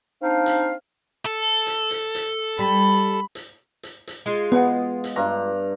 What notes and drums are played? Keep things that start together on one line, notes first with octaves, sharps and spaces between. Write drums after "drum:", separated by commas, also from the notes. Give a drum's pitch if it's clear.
C4 D4 D#4 F5
drum: hi-hat
A4
drum: hi-hat
drum: hi-hat
drum: hi-hat
G3 B5
drum: hi-hat
drum: hi-hat
drum: hi-hat
G#3 F4
B3 B4 F#5
drum: hi-hat
G2 A#5